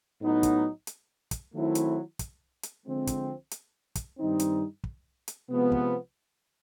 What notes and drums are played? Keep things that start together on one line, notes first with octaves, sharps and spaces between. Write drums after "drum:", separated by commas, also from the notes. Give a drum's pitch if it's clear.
A2 F#3 B3 D#4
drum: kick, hi-hat
drum: hi-hat
drum: kick, hi-hat
D#3 F#3 A3 C4 E4
drum: hi-hat
drum: kick, hi-hat
drum: hi-hat
D3 F3 G#3 C4
drum: kick, hi-hat
drum: hi-hat
drum: kick, hi-hat
G2 D#3 G3 C4 D#4
drum: hi-hat
drum: kick
drum: hi-hat
C3 F3 G#3 B3
drum: kick